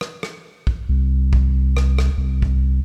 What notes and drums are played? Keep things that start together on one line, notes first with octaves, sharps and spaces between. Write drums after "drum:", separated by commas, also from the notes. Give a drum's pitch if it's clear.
drum: rim click
drum: rim click
drum: kick
C2
drum: kick
drum: rim click
drum: rim click
C2
drum: kick